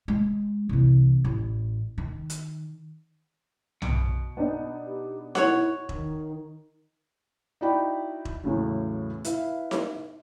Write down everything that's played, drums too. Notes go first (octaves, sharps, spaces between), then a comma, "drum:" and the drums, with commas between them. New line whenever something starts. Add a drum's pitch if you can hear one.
G#3
C2 E3
A1
D#3
drum: hi-hat
B2, drum: tom
B3 D4 D#4
G4
E4 F#4 C#5, drum: snare D#4
D#3, drum: kick E1
D#4 E4 F#4 D5 G5 B5
drum: kick E1
E2 A2 C#3 F#3
E4 B4 E5 F5, drum: hi-hat
drum: snare D#4